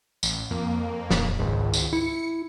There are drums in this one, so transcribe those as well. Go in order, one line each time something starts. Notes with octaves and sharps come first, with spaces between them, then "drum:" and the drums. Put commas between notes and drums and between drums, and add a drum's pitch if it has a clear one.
A1, drum: tambourine
F2 A#3
D#1, drum: snare
G#1 C#2 G#2
drum: tambourine
E4 C#7